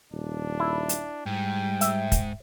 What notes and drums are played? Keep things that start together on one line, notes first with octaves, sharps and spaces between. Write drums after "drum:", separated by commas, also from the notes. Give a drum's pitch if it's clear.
D#1 D4
E4
drum: hi-hat
G#2 G3 G5
E5, drum: hi-hat
drum: kick, hi-hat